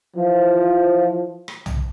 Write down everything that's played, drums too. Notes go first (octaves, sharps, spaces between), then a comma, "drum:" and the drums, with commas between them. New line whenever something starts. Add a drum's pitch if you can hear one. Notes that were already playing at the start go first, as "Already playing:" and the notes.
E3 F3
drum: rim click
drum: tom